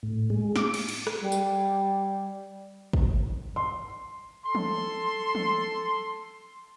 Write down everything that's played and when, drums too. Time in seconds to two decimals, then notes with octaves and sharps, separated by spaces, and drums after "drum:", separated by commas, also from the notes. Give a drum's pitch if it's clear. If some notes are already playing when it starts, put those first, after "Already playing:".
0.03 A2
0.30 G#3
0.56 D6, drum: snare
0.74 drum: cymbal
0.89 drum: cymbal
1.07 drum: rim click
1.21 G3
1.32 drum: tambourine
2.93 drum: kick
3.56 C6
4.44 A4 C6
4.55 drum: tom E3
5.35 drum: tom E3